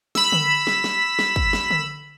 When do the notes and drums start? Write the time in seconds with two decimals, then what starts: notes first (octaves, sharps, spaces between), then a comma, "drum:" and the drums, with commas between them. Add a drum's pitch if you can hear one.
0.15 B5 E6, drum: snare
0.32 drum: tom D3
0.67 drum: snare
0.84 drum: snare
1.19 drum: snare
1.36 drum: kick
1.53 drum: snare
1.71 drum: tom D3